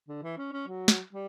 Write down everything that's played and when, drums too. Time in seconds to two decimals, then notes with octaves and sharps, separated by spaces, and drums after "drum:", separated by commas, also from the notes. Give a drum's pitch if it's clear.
0.08 D3
0.23 E3
0.38 C#4
0.53 C#4
0.68 F#3
0.88 drum: snare
1.13 G3